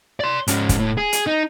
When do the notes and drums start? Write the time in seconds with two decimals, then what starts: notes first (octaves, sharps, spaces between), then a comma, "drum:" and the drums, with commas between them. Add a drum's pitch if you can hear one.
0.20 D5 C6
0.47 G#2 C#4, drum: hi-hat
0.69 drum: kick, hi-hat
0.79 A2
0.97 G#4
1.13 drum: hi-hat
1.27 D#4